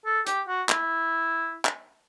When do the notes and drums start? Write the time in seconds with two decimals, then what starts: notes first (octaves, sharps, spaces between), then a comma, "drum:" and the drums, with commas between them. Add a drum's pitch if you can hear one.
0.06 A4
0.27 G4, drum: hi-hat
0.48 F#4
0.69 E4, drum: clap
1.65 drum: clap